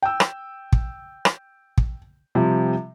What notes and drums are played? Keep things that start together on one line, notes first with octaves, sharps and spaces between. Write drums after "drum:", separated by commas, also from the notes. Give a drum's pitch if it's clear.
G5 E6
drum: rim click
drum: kick
drum: rim click
drum: kick
C3 F3 G3